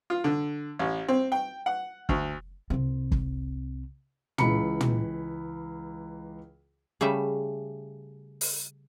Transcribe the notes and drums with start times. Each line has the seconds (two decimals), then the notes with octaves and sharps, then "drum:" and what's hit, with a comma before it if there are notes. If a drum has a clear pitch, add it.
0.10 F4
0.24 D3
0.79 A1
1.08 C4
1.32 G5
1.66 F#5
2.09 D2, drum: kick
2.70 C2 C4
3.12 drum: kick
4.38 C#2 E3 B5 C#7, drum: tom
4.81 drum: tom
7.01 C#3 G3 A3 E5
8.41 drum: open hi-hat